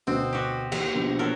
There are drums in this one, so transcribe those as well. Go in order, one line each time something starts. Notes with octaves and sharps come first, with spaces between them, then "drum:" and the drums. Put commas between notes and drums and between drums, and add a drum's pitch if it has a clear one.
D2 B2 C4
F#4 G4
D#2, drum: cymbal
A#1 B2
F#3 A4 A#4